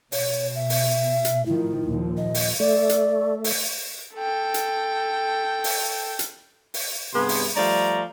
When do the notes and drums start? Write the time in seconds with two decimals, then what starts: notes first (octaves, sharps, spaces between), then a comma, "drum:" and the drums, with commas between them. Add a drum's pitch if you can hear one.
0.12 B2 C#5, drum: open hi-hat
0.55 E5
0.70 drum: open hi-hat
1.25 drum: hi-hat
1.46 A2 D#3 F3 E4
1.87 D#2 A#2 F3
2.17 D#5
2.34 drum: open hi-hat
2.60 A3 D5
2.89 drum: hi-hat
3.44 drum: open hi-hat
4.15 A4 G5
4.54 drum: hi-hat
5.64 drum: open hi-hat
6.19 drum: hi-hat
6.74 drum: open hi-hat
7.13 G2 C3 B3 G#4 C6
7.29 drum: open hi-hat
7.56 F3 G3 A3 D5 A#5